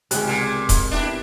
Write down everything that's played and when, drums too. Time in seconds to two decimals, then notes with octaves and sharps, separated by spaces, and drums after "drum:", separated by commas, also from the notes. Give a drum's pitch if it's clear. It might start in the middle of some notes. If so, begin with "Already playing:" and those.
0.11 C#2 C3 G#3 G4 F#6, drum: hi-hat
0.27 A#2
0.69 drum: kick D#1, hi-hat
0.91 B3 D4 E4 G4